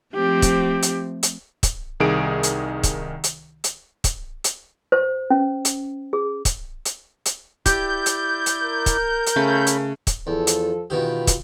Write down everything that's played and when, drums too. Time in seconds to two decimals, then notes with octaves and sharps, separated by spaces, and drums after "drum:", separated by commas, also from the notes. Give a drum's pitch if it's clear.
0.15 F3 A3 C4 G4
0.42 drum: kick, hi-hat
0.82 drum: hi-hat
1.23 drum: hi-hat
1.63 drum: kick, hi-hat
2.00 C2 D#3 G#4 D7
2.43 drum: hi-hat
2.83 drum: kick, hi-hat
3.24 drum: hi-hat
3.64 drum: hi-hat
4.04 drum: kick, hi-hat
4.44 drum: hi-hat
4.92 C5
5.30 C#4
5.65 drum: hi-hat
6.13 G#4
6.45 drum: kick, hi-hat
6.85 drum: hi-hat
7.25 drum: hi-hat
7.66 E4 G4 D5 G6, drum: kick, hi-hat
8.06 drum: hi-hat
8.46 drum: hi-hat
8.64 A#4
8.86 drum: kick, hi-hat
9.26 drum: hi-hat
9.36 C#3 A3 C#4 B5
9.67 drum: hi-hat
10.07 drum: kick, hi-hat
10.27 E2 F3 A4
10.47 drum: hi-hat
10.90 B2 D#3 E3 F4 G4 B4
11.27 drum: kick, hi-hat